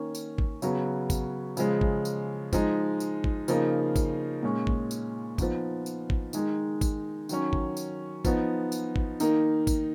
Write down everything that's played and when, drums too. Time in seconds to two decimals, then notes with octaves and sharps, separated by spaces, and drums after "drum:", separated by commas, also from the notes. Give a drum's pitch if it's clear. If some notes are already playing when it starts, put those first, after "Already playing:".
Already playing: D#3 A#3 C#4
0.15 drum: tambourine
0.38 drum: kick
0.62 C#3 F#3 B3, drum: tambourine
1.10 drum: kick, tambourine
1.57 C#3 F3 G#3, drum: tambourine
1.81 drum: kick
2.05 drum: tambourine
2.53 F3 G#3 D#4, drum: kick, tambourine
3.00 drum: tambourine
3.24 drum: kick
3.48 C#3 F3 A#3 D#4, drum: tambourine
3.96 drum: kick, tambourine
4.43 A#2 G#3 C#4
4.67 drum: kick
4.91 drum: tambourine
5.38 F3 B3 D#4, drum: kick, tambourine
5.86 drum: tambourine
6.10 drum: kick
6.33 D#3 G#3 D#4, drum: tambourine
6.81 drum: kick, tambourine
7.29 D#3 F#3 C#4, drum: tambourine
7.53 drum: kick
7.77 drum: tambourine
8.25 F3 B3 D#4, drum: kick, tambourine
8.72 drum: tambourine
8.96 drum: kick
9.20 D#3 A#3 D#4, drum: tambourine
9.67 drum: kick, tambourine